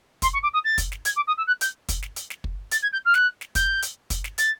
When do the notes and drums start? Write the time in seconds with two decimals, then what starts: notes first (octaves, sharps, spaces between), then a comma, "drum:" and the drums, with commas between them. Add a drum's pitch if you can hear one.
0.22 C6, drum: kick, hi-hat
0.33 C#6
0.43 D6
0.53 D#6
0.64 A6
0.78 drum: kick, hi-hat
0.92 drum: snare
1.05 G#6, drum: hi-hat
1.16 D6
1.27 D#6
1.37 E6
1.47 F#6
1.61 G6, drum: hi-hat
1.89 drum: kick, hi-hat
2.02 drum: snare
2.16 drum: hi-hat
2.30 drum: snare
2.44 drum: kick
2.71 A6, drum: hi-hat
2.82 G#6
2.92 G6
3.05 F6
3.14 F#6, drum: snare
3.41 drum: snare
3.55 G6, drum: kick, hi-hat
3.83 drum: hi-hat
4.10 drum: kick, hi-hat
4.24 drum: snare
4.38 A6, drum: hi-hat